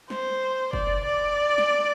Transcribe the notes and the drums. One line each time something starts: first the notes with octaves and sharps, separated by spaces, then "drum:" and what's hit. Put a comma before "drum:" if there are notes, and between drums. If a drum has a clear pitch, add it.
C5, drum: snare
D5, drum: kick F#1
D5
drum: snare